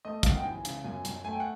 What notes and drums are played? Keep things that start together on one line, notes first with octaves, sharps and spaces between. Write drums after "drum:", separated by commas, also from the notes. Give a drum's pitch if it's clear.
A3 D#5
F#2 F5, drum: kick, hi-hat
F#5
G5
E3 G#5
C#3, drum: hi-hat
F#2 G#5
F#2, drum: hi-hat
A3 G#5
G5
F#5